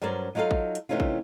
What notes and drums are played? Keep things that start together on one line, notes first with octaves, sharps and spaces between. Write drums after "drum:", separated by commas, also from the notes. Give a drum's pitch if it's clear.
G2 F#3 C#4 A#4 C5 D5
F#3 D#4 F4 G#4 A4 F5
drum: kick
drum: hi-hat
C3 E3 A3 C#4 D#4 F4
drum: kick